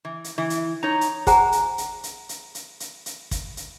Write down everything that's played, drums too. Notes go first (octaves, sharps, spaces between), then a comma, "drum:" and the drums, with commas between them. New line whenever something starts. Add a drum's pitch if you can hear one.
E3
drum: hi-hat
E3 E4
drum: hi-hat
D#4 C#5 A#5
drum: hi-hat
G#4 C5 F#5 G#5 A#5, drum: kick, hi-hat
drum: hi-hat
drum: hi-hat
drum: hi-hat
drum: hi-hat
drum: hi-hat
drum: hi-hat
drum: hi-hat
drum: kick, hi-hat
drum: hi-hat